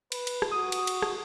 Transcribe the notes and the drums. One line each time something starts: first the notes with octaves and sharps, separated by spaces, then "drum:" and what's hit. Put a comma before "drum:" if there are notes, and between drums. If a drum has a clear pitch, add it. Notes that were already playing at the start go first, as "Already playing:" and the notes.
B4, drum: cymbal
drum: cymbal
drum: rim click
F#4 D#6
drum: cymbal
drum: cymbal
drum: rim click